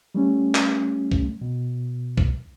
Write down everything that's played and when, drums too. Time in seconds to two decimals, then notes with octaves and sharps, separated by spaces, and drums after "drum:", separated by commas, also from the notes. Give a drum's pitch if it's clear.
0.15 G3 A3 C#4
0.55 drum: clap
1.11 drum: kick C2
1.41 B2
2.17 drum: kick C2